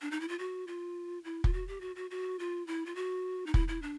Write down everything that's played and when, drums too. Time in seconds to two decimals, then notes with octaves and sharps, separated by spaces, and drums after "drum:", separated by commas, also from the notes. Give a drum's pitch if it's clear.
0.02 D4
0.11 D#4
0.20 E4
0.28 F4
0.39 F#4
0.67 F4
1.24 E4
1.44 F4, drum: kick
1.53 F#4
1.68 G4
1.81 F#4
1.96 F#4
2.11 F#4
2.39 F4
2.67 E4
2.86 F4
2.95 F#4
3.46 D#4
3.54 E4, drum: kick
3.68 E4
3.82 D4